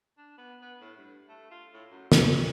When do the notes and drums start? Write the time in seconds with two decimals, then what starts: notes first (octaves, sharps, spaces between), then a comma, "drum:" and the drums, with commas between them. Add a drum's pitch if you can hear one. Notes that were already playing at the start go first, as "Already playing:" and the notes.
0.18 D4
0.38 B3
0.62 B3
0.81 A2
0.97 G2
1.29 A3
1.51 F4
1.74 A2
1.91 F#2
2.12 drum: snare
2.21 C#4